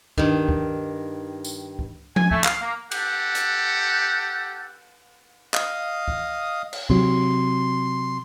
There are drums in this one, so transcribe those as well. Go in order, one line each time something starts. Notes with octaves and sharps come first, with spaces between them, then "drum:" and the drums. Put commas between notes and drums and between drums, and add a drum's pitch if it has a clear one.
G2 D#3, drum: kick C#2
drum: kick C#2
drum: tambourine
drum: kick C#2
G#5, drum: tom F3
A3, drum: kick C#2
F5, drum: clap
A#3
G4 A4 F#5, drum: cymbal
drum: hi-hat
D#5 F5 D#6, drum: clap
drum: kick C#2
drum: cymbal
C3 F#3 C6, drum: kick C#2